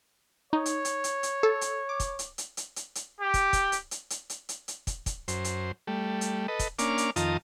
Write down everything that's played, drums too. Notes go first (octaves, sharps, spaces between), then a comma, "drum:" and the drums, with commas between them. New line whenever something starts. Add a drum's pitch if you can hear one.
D#4 C#5
drum: hi-hat
drum: hi-hat
drum: hi-hat
drum: hi-hat
A4
drum: hi-hat
D6
drum: kick, hi-hat
drum: hi-hat
drum: hi-hat
drum: hi-hat
drum: hi-hat
drum: hi-hat
G4
drum: kick, hi-hat
drum: kick, hi-hat
drum: hi-hat
drum: hi-hat
drum: hi-hat
drum: hi-hat
drum: hi-hat
drum: hi-hat
drum: kick, hi-hat
drum: kick, hi-hat
F#2 C5, drum: hi-hat
drum: hi-hat
G3 A3
drum: hi-hat
A4 B4 D#5
drum: kick, hi-hat
A#3 C#4 D4 D6 F6, drum: hi-hat
drum: hi-hat
F2 D#3 F4 A5 A#5 D#6, drum: hi-hat